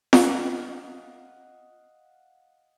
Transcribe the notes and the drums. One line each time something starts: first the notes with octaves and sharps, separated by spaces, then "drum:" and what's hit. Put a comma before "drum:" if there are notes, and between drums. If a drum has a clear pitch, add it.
D#5 F5 F#5, drum: snare